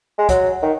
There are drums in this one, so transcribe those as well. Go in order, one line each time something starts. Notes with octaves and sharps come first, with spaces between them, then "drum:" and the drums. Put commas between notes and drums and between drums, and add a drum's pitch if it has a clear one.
G#3
F#3, drum: kick C#2, hi-hat
D#3